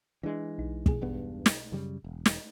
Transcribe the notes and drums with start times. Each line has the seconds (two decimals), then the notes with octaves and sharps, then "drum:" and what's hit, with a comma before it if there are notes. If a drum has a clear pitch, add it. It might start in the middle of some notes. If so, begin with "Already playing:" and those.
0.23 E3 G#3 D4
0.58 B1 D#4
0.86 B2 G#4, drum: kick
1.01 E1 G2 B3
1.46 drum: snare
1.72 F#2 C#3 G3
2.04 E1
2.26 drum: snare